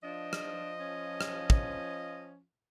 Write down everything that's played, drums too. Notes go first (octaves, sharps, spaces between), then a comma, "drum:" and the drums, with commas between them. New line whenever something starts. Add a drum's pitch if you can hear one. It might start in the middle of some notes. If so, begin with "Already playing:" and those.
F3 D4 D#5
drum: rim click
C#4
drum: rim click
drum: kick